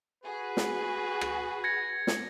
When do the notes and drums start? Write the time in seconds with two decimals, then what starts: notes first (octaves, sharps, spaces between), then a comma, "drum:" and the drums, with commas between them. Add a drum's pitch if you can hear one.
0.24 F#4 G#4 B4
0.57 drum: snare
1.21 drum: rim click
1.64 G#6 A#6 C#7
2.07 drum: snare